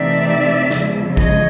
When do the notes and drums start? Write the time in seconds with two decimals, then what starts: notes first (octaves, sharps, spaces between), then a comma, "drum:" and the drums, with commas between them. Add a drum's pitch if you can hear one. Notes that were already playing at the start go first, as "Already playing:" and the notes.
Already playing: C3 E3 A3 C4 D#4 D5 E5
0.70 E2 C#3 F3 G#3, drum: snare
1.17 C#5 D#5, drum: kick